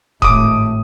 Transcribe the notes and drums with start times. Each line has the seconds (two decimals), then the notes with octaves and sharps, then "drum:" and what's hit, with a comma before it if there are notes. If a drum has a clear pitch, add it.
0.22 G#1 A2 D6 D#6, drum: kick E1